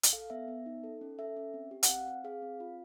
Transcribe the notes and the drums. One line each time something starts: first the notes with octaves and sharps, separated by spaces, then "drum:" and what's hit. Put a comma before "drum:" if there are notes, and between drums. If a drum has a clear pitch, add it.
drum: hi-hat
A4 F5
B3 E5
B3
D#4
A4
C#4
A4 E5
C#4
C4
G4
F#5, drum: hi-hat
C4 F5
C4
G#4 F5
C4
F4